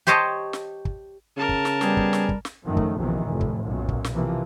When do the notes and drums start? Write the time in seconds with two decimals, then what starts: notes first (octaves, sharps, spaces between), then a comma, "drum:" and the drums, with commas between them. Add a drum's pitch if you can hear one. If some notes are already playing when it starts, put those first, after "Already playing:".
0.07 G4 C5 C#5 D#5 A5
0.53 drum: snare
0.85 drum: kick
1.37 C#3 A#4 A5
1.49 drum: kick
1.65 drum: snare
1.81 G3 B3 G4 G#4, drum: snare
1.97 drum: kick
2.13 drum: snare
2.29 drum: kick
2.45 drum: snare
2.67 F#2 D#3 F3 A3
2.77 drum: kick
2.98 A#1 E2 C3 D#3 E3
3.29 F1 F2 A2
3.41 drum: kick
3.64 B1 F#2 A#2
3.88 drum: kick
4.04 drum: snare
4.14 C3 E3 F3 A#3